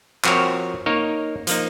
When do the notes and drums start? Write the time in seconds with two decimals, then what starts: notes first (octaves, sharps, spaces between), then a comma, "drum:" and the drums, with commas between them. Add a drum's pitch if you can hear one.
0.25 F3 C4 F#4 A#4 C#5, drum: clap
0.86 A#3 D#4 A#4 C#5
1.47 F3 A#3 D#4, drum: hi-hat